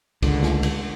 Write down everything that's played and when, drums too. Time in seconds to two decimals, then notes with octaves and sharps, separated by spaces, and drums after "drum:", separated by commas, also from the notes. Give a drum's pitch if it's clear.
0.22 C#2 D3, drum: kick, cymbal
0.43 drum: snare
0.63 drum: cymbal